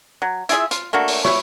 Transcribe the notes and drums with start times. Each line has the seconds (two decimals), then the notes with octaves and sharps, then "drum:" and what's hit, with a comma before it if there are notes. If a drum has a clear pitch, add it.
0.22 F#3
0.49 E4 F4 G#4 E5, drum: hi-hat
0.71 F4, drum: hi-hat
0.93 A3 A#3 D4 F#4
1.08 drum: open hi-hat
1.25 E4 C#5, drum: snare